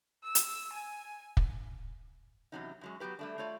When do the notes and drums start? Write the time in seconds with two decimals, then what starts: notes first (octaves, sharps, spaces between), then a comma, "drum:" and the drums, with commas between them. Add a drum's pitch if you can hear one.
0.24 E6
0.35 drum: hi-hat
0.73 G#5
1.37 drum: kick
2.52 E2 G2 C3 F#3 C#4 D#4
2.81 F#2 F#3 G#3
3.00 F#3 B3 F#4 G4 B4
3.19 G3 A3 D4
3.38 A3 F4 C#5 D5